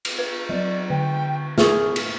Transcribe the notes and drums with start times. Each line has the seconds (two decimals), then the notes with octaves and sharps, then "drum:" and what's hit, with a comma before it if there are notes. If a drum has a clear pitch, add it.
0.05 drum: cymbal
0.19 B4
0.49 F#3 D5
0.90 D3 G5
1.58 G#4 C#6 F6, drum: snare
1.96 drum: cymbal